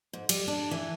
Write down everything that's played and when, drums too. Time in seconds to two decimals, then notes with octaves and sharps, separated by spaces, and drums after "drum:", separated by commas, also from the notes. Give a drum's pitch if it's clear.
0.13 G#2
0.29 G3, drum: cymbal
0.48 D4
0.71 E3